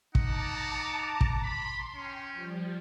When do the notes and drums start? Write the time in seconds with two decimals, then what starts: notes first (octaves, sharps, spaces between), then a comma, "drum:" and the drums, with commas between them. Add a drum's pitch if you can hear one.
0.15 D#4 F#5 A5 A#5 D6, drum: kick
1.21 drum: kick
1.43 B5 C6
1.96 C#4 G5
2.32 F3 G3